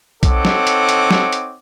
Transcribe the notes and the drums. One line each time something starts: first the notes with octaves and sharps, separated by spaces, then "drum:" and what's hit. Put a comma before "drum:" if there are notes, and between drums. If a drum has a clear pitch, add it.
C4 D#4 A4 C#5 F#5 D6, drum: kick B1, hi-hat
drum: snare
drum: hi-hat
drum: hi-hat
drum: snare
drum: hi-hat